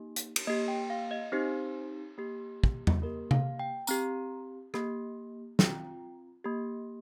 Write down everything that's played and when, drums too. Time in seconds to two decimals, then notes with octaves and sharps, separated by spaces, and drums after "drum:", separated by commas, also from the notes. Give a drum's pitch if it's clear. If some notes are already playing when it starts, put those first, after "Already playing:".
Already playing: A#3 D#4 G4
0.16 drum: hi-hat
0.36 drum: cymbal
0.47 A#3 G4 D#5
0.68 G5
0.90 F5
1.11 D#5
1.32 C4 D#4 G4 C5
2.18 A#3 G4
2.64 drum: kick
2.87 drum: tom E2
3.02 A#3 G4 A#4
3.31 F5, drum: tom C3
3.59 G5
3.87 C4 G4 A#5, drum: tambourine
4.74 A#3 G4, drum: rim click
5.59 C4 F4 G5, drum: snare
6.45 A#3 G4